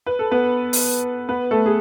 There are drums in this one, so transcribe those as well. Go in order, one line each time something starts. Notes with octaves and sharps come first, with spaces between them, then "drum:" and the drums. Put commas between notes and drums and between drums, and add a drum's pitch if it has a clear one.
B4
A4
B3 B4
drum: open hi-hat
B3 B4
A3 A4
G#4